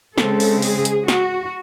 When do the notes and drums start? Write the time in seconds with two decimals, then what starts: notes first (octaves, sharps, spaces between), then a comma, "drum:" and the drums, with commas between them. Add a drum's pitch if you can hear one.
0.18 C#3 G#3 C4 A4, drum: snare
0.40 drum: open hi-hat
0.62 G#4, drum: open hi-hat
0.85 drum: hi-hat
1.08 F#4, drum: snare